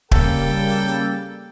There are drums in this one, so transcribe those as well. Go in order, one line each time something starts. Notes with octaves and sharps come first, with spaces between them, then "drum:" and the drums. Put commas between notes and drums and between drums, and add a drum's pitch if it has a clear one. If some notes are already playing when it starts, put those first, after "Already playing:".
C#3 G3 A#3 A4 G5, drum: kick